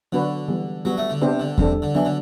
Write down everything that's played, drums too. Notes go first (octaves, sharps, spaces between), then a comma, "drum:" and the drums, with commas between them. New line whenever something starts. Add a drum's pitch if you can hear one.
D3 F#3 B3 D4 F#4 B4
E3 G3 B3
F#3 G3 B3 F#4
A3
D3
C3 B3 D4 G4 C5
D3
C3 G3 D4 A4, drum: kick E2
D3
E3 F#3 B3 D4
D3